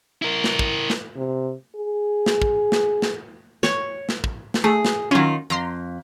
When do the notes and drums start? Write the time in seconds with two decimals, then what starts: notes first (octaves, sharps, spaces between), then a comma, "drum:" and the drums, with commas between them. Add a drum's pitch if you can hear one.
0.22 E4 A#4
0.44 drum: snare
0.59 drum: kick
0.90 drum: snare
1.17 C3
1.76 G#4
2.26 drum: snare
2.42 drum: kick
2.72 drum: snare
3.02 drum: snare
3.63 C#5, drum: snare
4.09 drum: snare
4.24 drum: kick
4.54 drum: snare
4.64 A3 G#4
4.85 drum: snare
5.11 D#3 F#3 C#4 F4
5.50 F2 A#5 C6